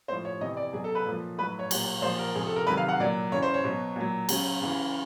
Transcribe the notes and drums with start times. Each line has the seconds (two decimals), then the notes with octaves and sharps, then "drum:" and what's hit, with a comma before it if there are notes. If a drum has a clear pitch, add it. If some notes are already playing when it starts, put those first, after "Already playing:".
0.08 A2 F3 C5
0.25 C#5
0.41 C3 E3 D#5
0.57 D5
0.73 B2 F#3 G#4
0.84 A4
0.95 B4
1.06 A#2 F3
1.38 A2 F#3 B4
1.59 C#5
1.71 A#2 F#3, drum: cymbal
2.02 A#2 F3 C5
2.19 A#4
2.35 C3 F3 G#4
2.46 A4
2.56 A#4
2.67 C3 D#3 F#3 B4
2.77 F5
2.88 F#5
2.99 A#2 F#3 D5
3.32 C#3 E3 C#5
3.42 C5
3.54 C#5
3.64 B2 F#3
3.96 A#2 F#3
4.29 C#3 F#3, drum: cymbal
4.61 C#3 E3